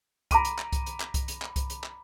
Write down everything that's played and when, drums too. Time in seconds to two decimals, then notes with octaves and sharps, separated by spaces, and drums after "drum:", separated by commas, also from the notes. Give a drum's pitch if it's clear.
0.31 A#5 B5 D6 D#7, drum: kick C2, hi-hat
0.45 drum: hi-hat
0.59 drum: clap
0.73 drum: kick C2, hi-hat
0.86 drum: hi-hat
1.00 drum: clap
1.14 drum: kick C2, hi-hat
1.28 drum: hi-hat
1.42 drum: clap
1.56 drum: kick C2, hi-hat
1.70 drum: hi-hat
1.84 drum: clap